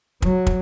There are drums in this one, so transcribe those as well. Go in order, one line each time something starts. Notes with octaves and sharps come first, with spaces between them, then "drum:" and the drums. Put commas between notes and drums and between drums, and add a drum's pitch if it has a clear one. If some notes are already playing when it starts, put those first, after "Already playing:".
F#3, drum: kick
drum: kick